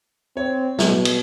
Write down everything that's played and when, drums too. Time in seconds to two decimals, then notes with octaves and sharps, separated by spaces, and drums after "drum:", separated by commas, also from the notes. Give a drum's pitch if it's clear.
0.37 C4 C#5
0.79 B2, drum: snare
1.05 drum: cymbal